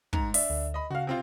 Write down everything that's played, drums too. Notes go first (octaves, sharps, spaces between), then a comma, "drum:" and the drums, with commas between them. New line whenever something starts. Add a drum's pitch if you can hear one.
G#2 A#5, drum: kick
D4 E5, drum: open hi-hat
D2
D#5 B5
C#3 F#4 F5
C3 C4 F4